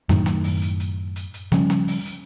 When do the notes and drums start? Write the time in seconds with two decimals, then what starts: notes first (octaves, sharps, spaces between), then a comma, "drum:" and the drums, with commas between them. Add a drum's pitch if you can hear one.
0.09 F#2 A2 D#3, drum: snare
0.26 drum: snare
0.44 drum: open hi-hat
0.62 drum: hi-hat
0.80 drum: hi-hat
1.16 drum: hi-hat
1.34 drum: hi-hat
1.52 C#3 F3 G3 C#4, drum: snare
1.70 drum: snare
1.88 drum: open hi-hat
2.06 drum: hi-hat